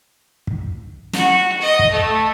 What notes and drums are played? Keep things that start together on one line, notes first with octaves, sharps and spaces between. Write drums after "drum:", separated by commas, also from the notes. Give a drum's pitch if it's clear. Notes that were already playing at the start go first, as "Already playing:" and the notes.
drum: kick
F#4, drum: snare
D#5
drum: kick
A3